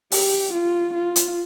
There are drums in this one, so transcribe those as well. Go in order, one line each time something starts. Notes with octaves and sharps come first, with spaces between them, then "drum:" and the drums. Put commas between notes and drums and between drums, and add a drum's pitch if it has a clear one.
G4, drum: open hi-hat
F4
F4
drum: hi-hat